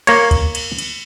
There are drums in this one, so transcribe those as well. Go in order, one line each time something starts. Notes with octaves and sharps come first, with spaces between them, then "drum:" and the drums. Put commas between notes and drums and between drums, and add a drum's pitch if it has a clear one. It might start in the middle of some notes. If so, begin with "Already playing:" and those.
A#3 C#5, drum: cymbal
drum: kick, cymbal
drum: cymbal
drum: cymbal